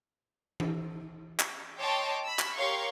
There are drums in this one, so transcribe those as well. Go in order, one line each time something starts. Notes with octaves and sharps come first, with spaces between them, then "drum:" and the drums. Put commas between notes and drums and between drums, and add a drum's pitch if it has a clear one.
drum: tom E3
drum: clap
C#5 D#5 G5 A5 C6 D6
B5 E6
drum: clap
G4 A#4 C#5 F5 C6 C#6